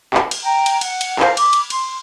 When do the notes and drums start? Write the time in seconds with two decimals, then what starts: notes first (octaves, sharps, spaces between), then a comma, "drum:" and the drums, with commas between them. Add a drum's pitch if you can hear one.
0.14 drum: clap
0.31 drum: cymbal
0.43 G5 A#5
0.66 drum: cymbal
0.81 F#5, drum: cymbal
1.01 drum: cymbal
1.19 A4 A#4 C5 F5, drum: clap
1.37 B5 D6, drum: cymbal
1.53 drum: cymbal
1.70 C6, drum: cymbal